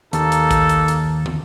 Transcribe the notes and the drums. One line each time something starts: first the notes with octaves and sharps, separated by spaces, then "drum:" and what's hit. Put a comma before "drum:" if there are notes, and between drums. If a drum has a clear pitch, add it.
D#2 A#3 D#4 A4, drum: hi-hat
drum: hi-hat
drum: kick, hi-hat
drum: hi-hat
drum: hi-hat
drum: tom